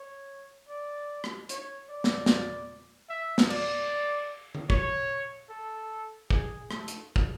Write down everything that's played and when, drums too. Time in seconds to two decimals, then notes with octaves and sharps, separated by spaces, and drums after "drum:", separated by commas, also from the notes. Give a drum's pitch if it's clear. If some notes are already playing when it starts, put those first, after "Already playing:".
Already playing: C#5
0.69 D5
1.24 drum: rim click
1.49 C#5, drum: hi-hat
1.90 D5
2.04 drum: snare
2.26 drum: snare
3.09 E5
3.38 drum: snare
3.50 D5, drum: cymbal
4.55 drum: tom D3
4.70 C#5, drum: kick
5.50 A4
6.30 G#4, drum: kick
6.71 A3, drum: rim click
6.88 drum: hi-hat
7.16 drum: kick